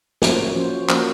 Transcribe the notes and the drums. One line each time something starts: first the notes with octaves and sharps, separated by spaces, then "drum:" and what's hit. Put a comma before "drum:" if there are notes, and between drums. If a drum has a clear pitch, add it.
F3 A#3 C#4 F#4 C5, drum: snare
F3 A#3 C#4 F#4 C5
F3 A#3 C#4 F#4 C5, drum: clap